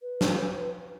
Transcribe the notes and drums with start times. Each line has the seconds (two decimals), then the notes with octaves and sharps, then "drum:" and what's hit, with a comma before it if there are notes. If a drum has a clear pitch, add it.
0.02 B4
0.21 drum: snare